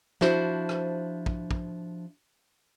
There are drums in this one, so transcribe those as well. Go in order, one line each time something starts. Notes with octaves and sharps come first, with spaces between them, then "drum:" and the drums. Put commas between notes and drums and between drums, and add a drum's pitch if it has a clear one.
F3 D4 E4 F#4 C5, drum: snare
drum: rim click
drum: kick
drum: kick